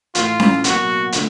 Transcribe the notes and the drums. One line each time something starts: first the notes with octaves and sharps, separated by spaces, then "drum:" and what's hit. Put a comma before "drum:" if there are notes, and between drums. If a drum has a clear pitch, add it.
A2 E3 A3 F4, drum: hi-hat
drum: snare C#4
B2 F#3 A#3 F#4, drum: hi-hat
D3 F3 A3, drum: hi-hat